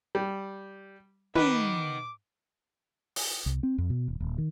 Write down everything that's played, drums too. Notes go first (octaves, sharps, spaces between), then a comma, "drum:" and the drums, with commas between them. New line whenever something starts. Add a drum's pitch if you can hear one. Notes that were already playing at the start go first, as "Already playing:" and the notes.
G3
D#3 B3 B4 D6, drum: tom
drum: open hi-hat
C2
C4
F2
B2
D#1
D#1
D#3